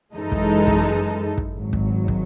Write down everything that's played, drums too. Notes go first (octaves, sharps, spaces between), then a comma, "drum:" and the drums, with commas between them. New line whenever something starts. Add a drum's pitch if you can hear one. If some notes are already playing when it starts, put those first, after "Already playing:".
F#2 E3 G#3 D#4 A4
drum: kick
drum: kick
drum: kick
G#1 G#2 F#3
drum: kick
drum: kick